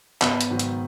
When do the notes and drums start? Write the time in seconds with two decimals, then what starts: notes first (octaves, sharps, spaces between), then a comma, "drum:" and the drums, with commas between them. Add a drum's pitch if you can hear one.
0.21 G#1 B3 B4, drum: clap
0.41 drum: hi-hat
0.50 G#2 D#3 F#3
0.59 drum: hi-hat